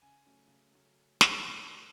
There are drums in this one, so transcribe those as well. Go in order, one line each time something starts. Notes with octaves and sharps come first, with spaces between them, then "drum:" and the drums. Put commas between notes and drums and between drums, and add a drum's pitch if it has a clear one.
C#3 G#5
F#3 A3 C#4
C#3
F#3 A3 C#4
drum: snare